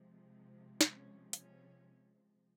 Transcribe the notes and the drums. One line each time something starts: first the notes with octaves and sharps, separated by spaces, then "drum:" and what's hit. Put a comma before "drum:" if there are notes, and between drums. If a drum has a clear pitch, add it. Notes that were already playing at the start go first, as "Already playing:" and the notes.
Already playing: C3 F3 G#3
drum: snare
C#4
C#4, drum: hi-hat